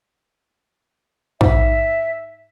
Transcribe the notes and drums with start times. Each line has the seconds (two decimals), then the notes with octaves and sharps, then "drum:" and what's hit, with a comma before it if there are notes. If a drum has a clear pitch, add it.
1.41 G#2 E5, drum: kick